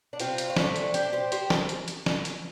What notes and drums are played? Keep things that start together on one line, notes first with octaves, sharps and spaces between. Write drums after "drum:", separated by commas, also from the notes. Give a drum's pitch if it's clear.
D4
C3 G3 C4 F4, drum: hi-hat
drum: hi-hat
F4
A3 D4, drum: snare
drum: hi-hat
D4 G4, drum: hi-hat
G4 C5
G4 C5, drum: hi-hat
drum: snare
drum: hi-hat
drum: hi-hat
drum: snare
drum: hi-hat